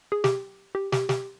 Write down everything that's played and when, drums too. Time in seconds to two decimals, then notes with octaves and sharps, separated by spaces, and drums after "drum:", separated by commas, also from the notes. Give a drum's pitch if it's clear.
0.12 G#4
0.24 G4, drum: snare
0.75 G4
0.92 G4, drum: snare
1.09 G4, drum: snare